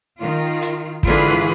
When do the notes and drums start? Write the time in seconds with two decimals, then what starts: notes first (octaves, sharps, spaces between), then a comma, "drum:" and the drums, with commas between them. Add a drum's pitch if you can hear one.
0.18 D#3 F4
0.62 drum: hi-hat
1.03 G#2 D3 E3 F4 G#4 B4, drum: kick